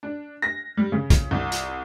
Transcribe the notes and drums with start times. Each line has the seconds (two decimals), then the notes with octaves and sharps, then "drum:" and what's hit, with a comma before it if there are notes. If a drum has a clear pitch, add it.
0.03 D4
0.42 A#6
0.77 G3
0.92 C#3
1.10 drum: kick, hi-hat
1.31 C2
1.52 drum: hi-hat